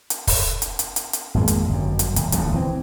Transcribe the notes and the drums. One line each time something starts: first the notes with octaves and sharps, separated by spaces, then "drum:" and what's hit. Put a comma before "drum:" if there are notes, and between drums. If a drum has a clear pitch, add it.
drum: hi-hat
drum: kick, open hi-hat
drum: hi-hat
drum: hi-hat
drum: hi-hat
drum: hi-hat
G#1 F2 G#3 A#3
drum: hi-hat
G1 F#2
drum: hi-hat
D#1, drum: hi-hat
D1 E2 A#2 C#3, drum: hi-hat
E3 C4